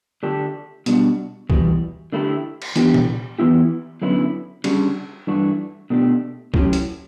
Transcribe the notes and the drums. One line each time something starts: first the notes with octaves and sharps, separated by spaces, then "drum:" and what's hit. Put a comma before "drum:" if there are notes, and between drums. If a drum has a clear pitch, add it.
D3 A3 D4 G4
B2 G3 D4 F#4, drum: hi-hat
E2 B2 G3, drum: kick B1
D3 A3 E4 G4
drum: cymbal
E3 B3 D4 G4, drum: hi-hat
drum: tom A#2
E3 B3 E4 G4
F#2 D3 F#3 B3 E4
C#3 G3 D4 F#4, drum: cymbal
G2 E3 A3 D4 F#4
B2 A3 D4 G4
A2 F#3 C#4 G4, drum: kick B1
drum: hi-hat